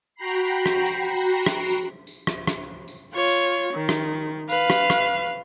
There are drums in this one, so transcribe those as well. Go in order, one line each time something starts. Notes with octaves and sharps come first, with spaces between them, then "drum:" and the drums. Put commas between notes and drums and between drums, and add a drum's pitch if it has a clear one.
F#4 G5 A#5 B5 C7
drum: tambourine
drum: rim click
drum: tambourine
drum: tambourine
drum: rim click
drum: tambourine
drum: tambourine
drum: rim click
drum: rim click
drum: tambourine
F4 C#5
drum: tambourine
D#3
drum: rim click
B4 F5, drum: tambourine
drum: rim click
drum: rim click